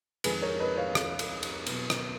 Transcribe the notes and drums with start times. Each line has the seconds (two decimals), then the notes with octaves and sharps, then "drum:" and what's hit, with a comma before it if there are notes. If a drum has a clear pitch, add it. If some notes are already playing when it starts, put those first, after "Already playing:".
0.24 F2 D#3 G#3 G#4 B4, drum: cymbal
0.42 A#4 C#5
0.60 B4 D#5
0.77 C#5 F5
0.95 drum: rim click
1.19 drum: cymbal
1.43 drum: cymbal
1.66 B2 F#3 B3, drum: cymbal
1.90 drum: rim click